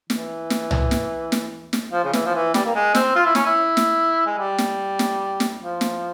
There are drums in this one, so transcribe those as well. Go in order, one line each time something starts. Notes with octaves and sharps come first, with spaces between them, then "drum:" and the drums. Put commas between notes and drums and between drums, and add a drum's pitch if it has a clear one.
E3, drum: snare
drum: snare
drum: tom
drum: snare
drum: snare
drum: snare
F3
C#3
E3, drum: snare
F3
E3
G3, drum: snare
A#3
G#3
C4, drum: snare
F4
E4
C#4, drum: snare
E4
drum: snare
G#3
G3
drum: snare
drum: snare
drum: snare
F3
drum: snare